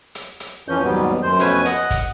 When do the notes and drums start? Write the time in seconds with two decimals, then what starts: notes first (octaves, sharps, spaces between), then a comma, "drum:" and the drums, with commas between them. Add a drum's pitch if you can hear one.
0.15 drum: hi-hat
0.40 drum: hi-hat
0.68 F2 E3 F3 C#4 G6
0.83 D#2 G#2 B2 F#3 G3 B3
1.23 F#2 C5 G6
1.40 F2 B2 A3 C#4 B4 G#5, drum: hi-hat
1.65 D#5 F#5, drum: hi-hat
1.91 drum: kick, hi-hat